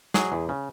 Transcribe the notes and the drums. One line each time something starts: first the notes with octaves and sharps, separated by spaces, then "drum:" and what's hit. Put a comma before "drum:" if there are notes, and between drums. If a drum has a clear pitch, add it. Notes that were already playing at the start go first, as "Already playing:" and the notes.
F#3 G#4, drum: snare
E2
C#3